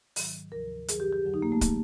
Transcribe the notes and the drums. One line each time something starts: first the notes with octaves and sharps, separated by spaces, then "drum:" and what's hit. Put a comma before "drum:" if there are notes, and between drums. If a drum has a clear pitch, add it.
G#2 D#3 F#3, drum: open hi-hat
D2 C3 F3 A#4
F#2 D#3 F#3 G#4, drum: hi-hat
G4
G4
F2 D3 F#3
D#4
A#3
A3
D3 F3, drum: kick, hi-hat